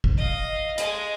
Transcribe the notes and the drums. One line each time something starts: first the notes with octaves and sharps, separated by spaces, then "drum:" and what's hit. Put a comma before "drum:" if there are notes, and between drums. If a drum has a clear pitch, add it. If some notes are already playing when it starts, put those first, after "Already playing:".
drum: kick
D#5 F5
G#3, drum: hi-hat